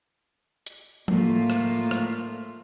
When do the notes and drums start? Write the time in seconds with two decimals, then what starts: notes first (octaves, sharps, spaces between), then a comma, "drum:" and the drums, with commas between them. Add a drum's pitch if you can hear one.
0.67 drum: hi-hat
1.08 A2 A3 A#3 F4, drum: tom F3
1.50 drum: rim click
1.91 drum: rim click